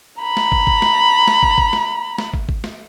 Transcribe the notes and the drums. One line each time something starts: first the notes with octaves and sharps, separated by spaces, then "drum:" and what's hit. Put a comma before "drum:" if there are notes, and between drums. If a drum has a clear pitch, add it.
A#5 B5
drum: snare
drum: kick
drum: kick
drum: snare
drum: snare
drum: kick
drum: kick
drum: snare
drum: snare
drum: kick
drum: kick
drum: snare